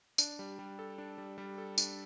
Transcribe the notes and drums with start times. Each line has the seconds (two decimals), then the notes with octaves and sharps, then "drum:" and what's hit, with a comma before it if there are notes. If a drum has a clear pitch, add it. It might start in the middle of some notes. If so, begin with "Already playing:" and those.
0.18 D4, drum: tambourine
0.39 G3
0.59 G3
0.79 A4
0.98 D4
1.18 G3
1.38 G3
1.58 A4
1.78 D4, drum: tambourine